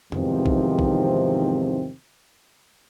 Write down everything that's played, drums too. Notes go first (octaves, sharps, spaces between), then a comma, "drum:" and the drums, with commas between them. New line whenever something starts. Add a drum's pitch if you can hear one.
E2 G#2 C3 D#3 F3 C4, drum: tom F2
drum: kick
drum: kick